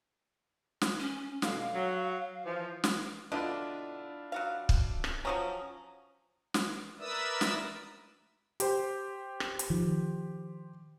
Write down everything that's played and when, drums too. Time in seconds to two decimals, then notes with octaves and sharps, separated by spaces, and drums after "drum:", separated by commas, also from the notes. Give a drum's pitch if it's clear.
0.81 drum: snare
1.00 C#4
1.42 B2 D3 F5, drum: snare
1.74 F#3
2.44 E3 F3
2.84 drum: snare
3.32 B2 D3 D4 E4 F4 D#5
4.32 F#3 F#4 F5
4.69 drum: kick
5.04 drum: rim click
5.25 F3 F#3 C#4 A#5 D#6
6.54 drum: snare
6.99 A#4 B4 D5 E5 D#6 E6
7.41 drum: snare
8.60 G4 C5, drum: hi-hat
9.40 drum: rim click
9.59 drum: hi-hat
9.70 D#3 F3